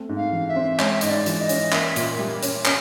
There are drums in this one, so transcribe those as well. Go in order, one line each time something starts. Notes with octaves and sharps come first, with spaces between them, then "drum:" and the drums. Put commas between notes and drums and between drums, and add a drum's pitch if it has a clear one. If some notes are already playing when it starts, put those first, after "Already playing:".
Already playing: A3 C4
G#2
F5
E3
E5
C4
G#3 C#5, drum: clap
E5
G#2 D#5, drum: hi-hat
D5
E3, drum: hi-hat
D#5
C#4, drum: hi-hat
A#3 E5, drum: clap
A#2, drum: hi-hat
G3
C#4, drum: hi-hat
C#4, drum: clap